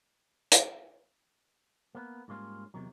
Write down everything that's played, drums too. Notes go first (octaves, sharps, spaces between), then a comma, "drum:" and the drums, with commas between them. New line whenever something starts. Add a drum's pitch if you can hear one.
drum: hi-hat
A#3 B3
G#2 G3 A#3 C#4 F4
E2 G2 C3 D#3 F#3